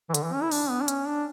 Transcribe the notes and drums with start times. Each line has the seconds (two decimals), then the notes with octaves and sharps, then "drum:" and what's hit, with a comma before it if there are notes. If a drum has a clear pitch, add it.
0.10 E3
0.14 D3, drum: hi-hat
0.24 E3
0.33 C#4
0.42 E4
0.52 D4, drum: open hi-hat
0.70 B3
0.81 D4
0.88 C#4, drum: hi-hat
1.07 D4